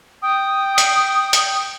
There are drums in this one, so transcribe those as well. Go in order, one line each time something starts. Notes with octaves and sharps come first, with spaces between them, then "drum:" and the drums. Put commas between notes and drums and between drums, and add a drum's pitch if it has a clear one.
G5 D#6
drum: hi-hat
drum: hi-hat